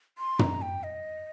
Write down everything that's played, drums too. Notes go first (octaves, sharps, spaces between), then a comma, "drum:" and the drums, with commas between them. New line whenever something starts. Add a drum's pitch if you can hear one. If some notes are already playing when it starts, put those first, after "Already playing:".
C6
A#5, drum: tom
G5
D#5